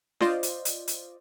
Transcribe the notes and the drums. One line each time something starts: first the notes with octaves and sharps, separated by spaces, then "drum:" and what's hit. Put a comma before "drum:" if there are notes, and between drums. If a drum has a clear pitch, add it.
F4 C5 D5 D#5, drum: snare D4
drum: hi-hat
drum: hi-hat
drum: hi-hat